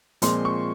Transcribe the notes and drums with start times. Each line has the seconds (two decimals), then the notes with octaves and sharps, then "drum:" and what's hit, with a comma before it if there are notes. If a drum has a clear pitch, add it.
0.22 A#2 F3 G#3 C4 C6, drum: hi-hat
0.45 C#6